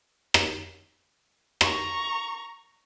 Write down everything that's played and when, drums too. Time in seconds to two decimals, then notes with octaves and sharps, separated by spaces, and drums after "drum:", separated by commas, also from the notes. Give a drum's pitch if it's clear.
0.34 drum: rim click
1.61 A#5 C#6, drum: rim click